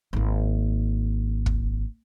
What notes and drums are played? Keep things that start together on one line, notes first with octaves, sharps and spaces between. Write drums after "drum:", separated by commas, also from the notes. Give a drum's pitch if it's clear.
G#1 A#3
drum: kick